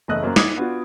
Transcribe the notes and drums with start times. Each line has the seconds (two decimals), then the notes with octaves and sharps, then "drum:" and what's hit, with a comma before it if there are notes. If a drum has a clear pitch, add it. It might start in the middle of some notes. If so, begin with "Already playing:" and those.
0.08 F#1 E2 A3 D#5 F#6
0.23 F#2 A#3 C5
0.36 D6 D#6 G#6, drum: snare
0.58 B3 D4 F4 F#4